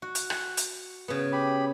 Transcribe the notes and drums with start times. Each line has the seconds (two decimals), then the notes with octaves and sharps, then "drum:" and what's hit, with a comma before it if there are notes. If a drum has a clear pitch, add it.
0.02 F#4
0.15 drum: hi-hat
0.30 F#5, drum: rim click
0.57 drum: hi-hat
1.08 C#3 B3
1.33 G4 B5